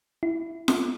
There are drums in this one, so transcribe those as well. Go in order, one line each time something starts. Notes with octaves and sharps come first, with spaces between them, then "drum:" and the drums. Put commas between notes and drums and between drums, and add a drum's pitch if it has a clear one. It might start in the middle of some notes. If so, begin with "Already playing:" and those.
E4
drum: snare F4